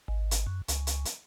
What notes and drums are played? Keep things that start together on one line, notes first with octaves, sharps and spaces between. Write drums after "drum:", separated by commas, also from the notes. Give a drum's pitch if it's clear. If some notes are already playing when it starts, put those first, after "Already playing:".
G#1
drum: hi-hat
F#2
C#2, drum: hi-hat
drum: hi-hat
drum: hi-hat